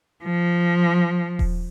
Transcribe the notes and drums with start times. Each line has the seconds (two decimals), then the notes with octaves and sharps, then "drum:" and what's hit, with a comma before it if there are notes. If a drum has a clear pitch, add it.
0.24 F3
1.39 drum: kick D#1